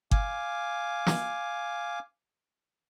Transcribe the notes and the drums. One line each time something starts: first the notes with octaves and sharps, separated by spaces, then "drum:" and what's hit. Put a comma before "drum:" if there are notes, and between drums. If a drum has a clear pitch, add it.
F5 G#5 D6, drum: kick G1
drum: snare